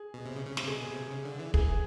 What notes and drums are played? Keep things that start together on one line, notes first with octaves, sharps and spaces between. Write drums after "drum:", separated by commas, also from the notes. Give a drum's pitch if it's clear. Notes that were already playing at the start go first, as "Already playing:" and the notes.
Already playing: G#4
B2
C3
C#3
C#3
C3, drum: snare
B2 G#4
C3
C#3
D3
E3
E3 G#4, drum: kick